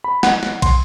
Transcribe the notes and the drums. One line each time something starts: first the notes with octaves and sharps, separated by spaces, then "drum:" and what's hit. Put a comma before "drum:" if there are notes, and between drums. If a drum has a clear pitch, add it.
B5
F#5, drum: snare
drum: snare
C6, drum: kick, cymbal